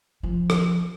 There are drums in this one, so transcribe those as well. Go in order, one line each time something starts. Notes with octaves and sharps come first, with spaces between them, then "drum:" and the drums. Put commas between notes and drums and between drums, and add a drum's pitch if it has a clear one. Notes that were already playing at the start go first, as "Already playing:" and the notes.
F3
drum: rim click